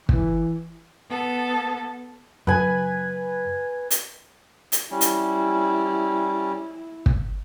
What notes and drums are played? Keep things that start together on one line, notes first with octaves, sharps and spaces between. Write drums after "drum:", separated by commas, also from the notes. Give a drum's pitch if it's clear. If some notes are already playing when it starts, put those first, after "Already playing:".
E3, drum: kick
B3 A4
F#2 C#3 B4 G#5
drum: hi-hat
drum: hi-hat
G3 C#4 E4
drum: hi-hat
drum: kick